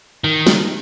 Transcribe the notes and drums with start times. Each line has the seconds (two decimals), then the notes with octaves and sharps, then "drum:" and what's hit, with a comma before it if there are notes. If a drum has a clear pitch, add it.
0.24 D#3
0.47 drum: snare